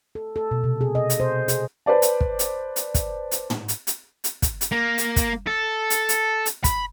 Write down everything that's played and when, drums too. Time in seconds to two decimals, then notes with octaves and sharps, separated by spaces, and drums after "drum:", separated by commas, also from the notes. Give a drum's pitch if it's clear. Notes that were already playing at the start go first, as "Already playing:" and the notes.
0.15 A4
0.36 A4
0.51 B2
0.64 C3
0.81 G#4
0.95 D#5
1.10 drum: hi-hat
1.20 C5
1.48 G#4, drum: hi-hat
1.86 B4 C5 D5 A5
2.02 drum: hi-hat
2.21 drum: kick
2.39 drum: hi-hat
2.76 drum: hi-hat
2.94 drum: kick, hi-hat
3.31 drum: hi-hat
3.50 drum: tom
3.68 drum: hi-hat
3.87 drum: hi-hat
4.24 drum: hi-hat
4.42 drum: kick, hi-hat
4.61 drum: hi-hat
4.72 A#3
4.98 drum: hi-hat
5.16 drum: kick, hi-hat
5.47 A4
5.90 drum: hi-hat
6.09 drum: hi-hat
6.46 drum: hi-hat
6.64 B5, drum: kick, hi-hat